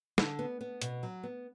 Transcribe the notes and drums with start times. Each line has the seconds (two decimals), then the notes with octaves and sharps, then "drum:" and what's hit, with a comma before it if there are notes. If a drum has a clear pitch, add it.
0.18 D3, drum: snare
0.39 B3
0.61 B3
0.82 B2, drum: hi-hat
1.03 F#3
1.23 B3